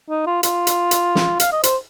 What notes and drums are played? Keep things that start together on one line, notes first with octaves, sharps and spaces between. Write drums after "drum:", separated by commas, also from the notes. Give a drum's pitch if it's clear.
D#4
F4
F4, drum: hi-hat
drum: hi-hat
drum: hi-hat
drum: snare
F5, drum: hi-hat
D#5
C5, drum: hi-hat